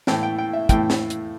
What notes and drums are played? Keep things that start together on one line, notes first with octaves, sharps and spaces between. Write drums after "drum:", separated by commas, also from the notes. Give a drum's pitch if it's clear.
A2 E3 A3 G5, drum: snare
G5
G5
E5
A2 E3 A3 G5, drum: kick, hi-hat
drum: snare
drum: hi-hat